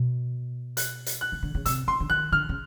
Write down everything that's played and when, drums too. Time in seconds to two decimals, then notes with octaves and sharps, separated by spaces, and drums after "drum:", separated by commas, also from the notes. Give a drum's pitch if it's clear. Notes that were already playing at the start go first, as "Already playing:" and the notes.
Already playing: B2
0.77 F#6, drum: hi-hat
1.06 drum: hi-hat
1.21 F#6
1.32 D#3
1.43 D3
1.55 C#3
1.66 C3 E6, drum: hi-hat
1.88 C#3 C6
2.00 D3
2.10 D#3 F#6
2.32 D3 F6
2.49 C#3